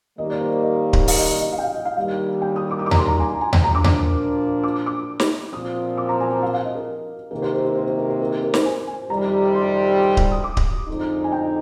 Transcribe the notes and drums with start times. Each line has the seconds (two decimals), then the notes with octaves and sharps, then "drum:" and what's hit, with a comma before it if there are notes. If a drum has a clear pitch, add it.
0.18 D#2 D#3 G3 A#3 D#5
0.30 D5
0.41 C5
0.63 D#5
0.93 drum: kick D1
1.08 F5, drum: open hi-hat
1.18 D#5
1.29 D#5
1.41 D#5
1.52 F5
1.58 G5
1.63 F5
1.74 D#5
1.85 F5
1.96 D#2 D#3 G3 F5
2.42 G5
2.56 D#6
2.71 D6
2.79 D#6
2.86 D6
2.91 A#5, drum: tom D#2
2.97 C6
3.08 A#5
3.20 G#5
3.30 G#5
3.41 G#5
3.53 G5, drum: tom D#2
3.64 A#5
3.75 A#2 F3 A#3 D4 D6
3.84 drum: tom D#2
4.63 D6
4.86 D6
5.20 drum: snare
5.53 A#2 F3 C4 D#6
5.98 D6
6.09 A#5
6.20 G#5
6.31 G#5
6.42 F5
6.54 F5
6.65 D#5
6.75 A#4
7.31 C3 D#3 A#3 A#4
7.42 C5
7.54 A#4
7.65 C5
7.76 C5
7.87 C5
7.98 A#4
8.09 C5
8.20 A#4
8.32 A#4
8.42 A#4
8.54 C5, drum: snare
8.65 G#5
8.87 G#5
9.10 F2 C3 D#3 G3 A#5
9.54 C6
10.17 drum: kick D1
10.32 D#6
10.44 D6
10.57 drum: kick D1
10.88 F2 D3 G#3 D#4
11.24 G#5
11.32 G5